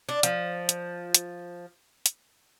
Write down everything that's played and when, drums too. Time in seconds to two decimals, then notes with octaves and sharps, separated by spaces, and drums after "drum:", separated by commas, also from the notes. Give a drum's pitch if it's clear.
0.09 D4
0.23 F3, drum: hi-hat
0.69 drum: hi-hat
1.14 drum: hi-hat
2.06 drum: hi-hat